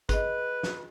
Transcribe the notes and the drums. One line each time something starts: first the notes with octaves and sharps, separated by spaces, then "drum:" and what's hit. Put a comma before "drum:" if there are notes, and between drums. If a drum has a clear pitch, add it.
G#4 B4 D#5, drum: kick G1, hi-hat
drum: snare